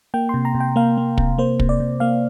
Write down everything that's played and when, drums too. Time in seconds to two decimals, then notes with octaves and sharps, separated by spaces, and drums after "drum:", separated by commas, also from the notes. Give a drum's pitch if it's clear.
0.14 A#3 G5
0.29 C3 C6
0.45 A#5
0.55 C3
0.60 G5
0.76 A#3 F5
0.97 A#3
1.18 C3, drum: kick
1.38 A#3 C5
1.60 C3, drum: kick
1.69 D5
1.80 C3
2.00 A#3 F5